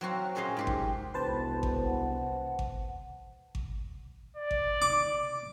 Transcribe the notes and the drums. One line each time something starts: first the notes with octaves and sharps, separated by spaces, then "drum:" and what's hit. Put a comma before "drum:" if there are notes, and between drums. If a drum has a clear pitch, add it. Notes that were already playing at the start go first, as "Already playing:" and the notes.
F#3 C4 F#4 F5
A#2 C#4 G#4 C5 D#5 F5
G#2 G4 C6
drum: kick G#1
E1 C2 B4 C5 A5
drum: kick G#1
F#5
drum: kick G#1
drum: kick G#1
D5
drum: kick G#1
D6